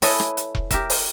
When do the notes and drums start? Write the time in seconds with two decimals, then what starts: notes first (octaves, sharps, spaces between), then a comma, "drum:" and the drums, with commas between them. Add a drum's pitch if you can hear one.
0.02 E4 A4 B4 C#5 D#5 G#5, drum: open hi-hat
0.20 drum: rim click
0.37 drum: hi-hat
0.55 drum: kick
0.71 G4 A#4 E5, drum: kick, hi-hat
0.90 drum: open hi-hat